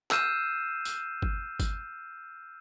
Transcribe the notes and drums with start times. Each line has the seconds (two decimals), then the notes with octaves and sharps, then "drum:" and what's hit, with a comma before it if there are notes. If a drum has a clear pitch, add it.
0.11 E6 F6 G6 C7 D#7 E7, drum: clap
0.85 drum: tambourine
1.22 drum: kick
1.60 drum: kick, tambourine